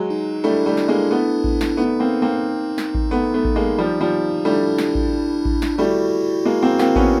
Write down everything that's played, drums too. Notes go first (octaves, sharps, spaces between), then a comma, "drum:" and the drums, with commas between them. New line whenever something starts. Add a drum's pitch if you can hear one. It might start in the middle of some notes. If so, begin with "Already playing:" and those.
Already playing: F#3 G#3
D#4
G3 A3 D4 E4
G3 A3
drum: snare
G#3 A#3
A3 B3
drum: kick A1
drum: snare
A3 B3 D#4
A#3 C4
A#3 C4
drum: snare
drum: kick A1
A3 B3
A3 B3
drum: kick A1
G#3 A#3
F3 G3
F3 G3
G3 A3 D4 E4
drum: snare
drum: kick A1
drum: kick A1
drum: snare
G3 A3 E4 F#4
G#3 A#3
A#3 C4
A#3 C4, drum: snare
B3 C#4, drum: kick A1